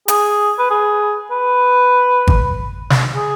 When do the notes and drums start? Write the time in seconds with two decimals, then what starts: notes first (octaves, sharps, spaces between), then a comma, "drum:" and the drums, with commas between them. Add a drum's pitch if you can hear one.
0.08 G#4, drum: hi-hat
0.59 B4
0.70 G#4
1.31 B4
2.28 drum: kick G#1
2.90 drum: snare
3.15 G#4